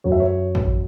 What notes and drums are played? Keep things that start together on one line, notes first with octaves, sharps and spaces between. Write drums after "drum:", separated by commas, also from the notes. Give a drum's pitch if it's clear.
F#2 F#3 C#5
E5
C#5
drum: kick